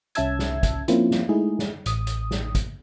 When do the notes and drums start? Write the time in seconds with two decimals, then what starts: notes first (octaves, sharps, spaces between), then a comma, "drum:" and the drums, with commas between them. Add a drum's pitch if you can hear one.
0.15 C2 C#4 E5 A5 E6 G#6, drum: hi-hat
0.39 drum: snare
0.63 drum: kick, hi-hat
0.88 F3 A#3 C4 C#4 E4 F4, drum: hi-hat
1.11 drum: snare
1.29 G#3 A3 D#4 E4 G#4
1.59 drum: snare
1.86 A1 D#6, drum: hi-hat
2.07 drum: hi-hat
2.31 drum: snare
2.55 drum: kick, hi-hat